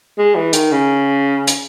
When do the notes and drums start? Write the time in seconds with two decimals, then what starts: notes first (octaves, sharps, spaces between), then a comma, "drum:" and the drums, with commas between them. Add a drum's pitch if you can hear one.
0.18 G#3
0.35 E3
0.53 D#3, drum: hi-hat
0.72 C#3
1.47 drum: hi-hat